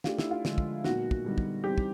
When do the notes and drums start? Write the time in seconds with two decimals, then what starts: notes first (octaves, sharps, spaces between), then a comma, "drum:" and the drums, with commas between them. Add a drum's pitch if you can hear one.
0.04 A3 D4 F4 G4, drum: snare
0.18 E4, drum: snare
0.31 F4
0.45 D3 F3 G#3, drum: snare
0.58 drum: kick
0.84 A#2 F#3 B3 D#4 F#4, drum: snare
1.11 drum: kick
1.24 D3 G3 B3 D#4
1.38 drum: kick
1.64 E3 G3 C4 D#4 G4
1.78 drum: kick